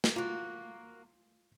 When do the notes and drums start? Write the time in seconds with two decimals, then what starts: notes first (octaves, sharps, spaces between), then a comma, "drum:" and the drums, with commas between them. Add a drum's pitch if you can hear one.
0.04 drum: snare
0.16 A#3 F4 F#4